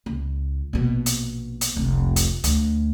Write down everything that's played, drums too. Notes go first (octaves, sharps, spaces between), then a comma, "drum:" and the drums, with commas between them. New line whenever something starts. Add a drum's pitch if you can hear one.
C#2
A#1 B2
drum: hi-hat
drum: hi-hat
F1 C2
drum: hi-hat
D2, drum: hi-hat